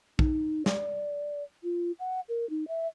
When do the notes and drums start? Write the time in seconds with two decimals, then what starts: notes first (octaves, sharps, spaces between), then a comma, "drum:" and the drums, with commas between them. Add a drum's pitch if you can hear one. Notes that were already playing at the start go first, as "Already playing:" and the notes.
0.19 D#4, drum: kick
0.66 D5, drum: snare
1.64 F4
1.99 F#5
2.29 A#4
2.50 D#4
2.68 E5